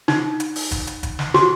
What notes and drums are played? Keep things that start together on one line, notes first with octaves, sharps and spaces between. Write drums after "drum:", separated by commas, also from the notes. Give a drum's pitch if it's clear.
D#4, drum: snare
drum: hi-hat
drum: open hi-hat
drum: kick, hi-hat
drum: hi-hat
drum: kick, hi-hat
drum: snare
F#4, drum: snare